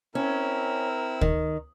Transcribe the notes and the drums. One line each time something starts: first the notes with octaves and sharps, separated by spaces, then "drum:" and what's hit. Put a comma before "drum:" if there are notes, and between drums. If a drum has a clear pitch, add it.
C4 C#4 E4 A#4 E6
D#3, drum: kick